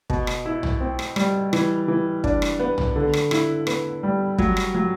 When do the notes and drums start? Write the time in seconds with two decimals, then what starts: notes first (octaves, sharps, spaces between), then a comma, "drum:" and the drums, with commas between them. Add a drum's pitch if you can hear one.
0.10 B2, drum: kick
0.27 drum: rim click
0.45 E4
0.63 drum: tom
0.81 C4
0.99 drum: rim click
1.16 G3, drum: rim click
1.53 E3, drum: rim click
1.88 E3
2.24 D4, drum: kick
2.42 drum: rim click
2.59 B3
2.78 drum: tom
2.96 D3
3.13 drum: rim click
3.31 E4, drum: rim click
3.67 B3, drum: rim click
4.03 G3
4.38 F#3, drum: kick
4.57 drum: rim click
4.74 F#3